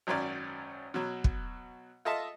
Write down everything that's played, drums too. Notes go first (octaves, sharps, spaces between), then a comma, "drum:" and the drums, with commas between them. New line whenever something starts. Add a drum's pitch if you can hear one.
G#1 F#2 F#3 C#4 D5
B2 F#3
drum: kick
F4 A4 D#5 E5 A5